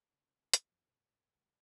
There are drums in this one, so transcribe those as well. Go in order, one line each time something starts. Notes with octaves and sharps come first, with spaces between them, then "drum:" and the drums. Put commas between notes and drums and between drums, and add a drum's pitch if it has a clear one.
C#3
drum: hi-hat
F2 F3
D1 G2 B2
D#1 B1 C#3 G3